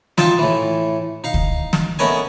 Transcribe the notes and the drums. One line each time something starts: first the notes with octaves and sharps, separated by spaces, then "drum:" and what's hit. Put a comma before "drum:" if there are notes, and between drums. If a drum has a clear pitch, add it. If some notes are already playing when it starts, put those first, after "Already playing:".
D#4 F4 D#5 E5 G5 A5, drum: snare
A2 E3
D#4 F5
drum: kick
drum: snare
A3 B3 C#4 A#4 D#5 G#5